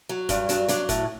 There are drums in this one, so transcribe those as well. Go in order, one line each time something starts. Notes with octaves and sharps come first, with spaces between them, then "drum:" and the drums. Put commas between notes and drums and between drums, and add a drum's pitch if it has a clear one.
F#3
G2 D4, drum: kick, hi-hat
F#3 D4, drum: hi-hat
F#3 D4, drum: hi-hat
A2, drum: kick, hi-hat